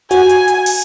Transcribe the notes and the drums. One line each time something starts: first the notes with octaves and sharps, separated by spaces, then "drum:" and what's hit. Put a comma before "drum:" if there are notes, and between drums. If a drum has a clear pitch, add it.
F#4 G#5, drum: hi-hat
drum: hi-hat
drum: hi-hat
drum: open hi-hat